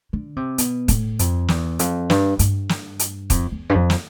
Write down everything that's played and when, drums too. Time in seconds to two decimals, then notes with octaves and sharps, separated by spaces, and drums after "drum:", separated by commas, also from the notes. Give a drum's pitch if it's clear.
0.13 D3
0.36 C3
0.58 B2, drum: hi-hat
0.88 A2, drum: kick, hi-hat
1.19 F2, drum: hi-hat
1.48 E2, drum: snare
1.79 F2, drum: hi-hat
2.10 G2, drum: snare
2.39 G2, drum: hi-hat
2.69 drum: snare
2.99 drum: hi-hat
3.30 F2, drum: kick, hi-hat
3.52 E2
3.70 G2
3.75 F2
3.90 drum: snare